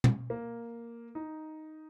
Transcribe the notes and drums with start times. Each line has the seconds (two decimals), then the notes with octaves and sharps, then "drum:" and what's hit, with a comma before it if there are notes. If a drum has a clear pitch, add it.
0.04 drum: tom
0.30 A#3
1.15 D#4